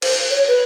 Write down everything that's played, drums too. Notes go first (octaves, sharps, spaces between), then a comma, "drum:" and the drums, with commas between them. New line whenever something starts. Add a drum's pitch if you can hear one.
C5, drum: cymbal
C#5
B4